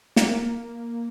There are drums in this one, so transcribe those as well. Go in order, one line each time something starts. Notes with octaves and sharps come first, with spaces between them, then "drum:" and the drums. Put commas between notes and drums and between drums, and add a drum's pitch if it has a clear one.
A#3, drum: snare